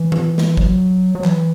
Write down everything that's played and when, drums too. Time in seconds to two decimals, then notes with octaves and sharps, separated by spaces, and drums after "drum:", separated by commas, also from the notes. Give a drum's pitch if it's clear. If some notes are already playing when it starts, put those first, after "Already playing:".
Already playing: E3
0.12 drum: tom D#3
0.38 drum: snare
0.57 F#3, drum: kick
1.15 F#3
1.24 E3, drum: clap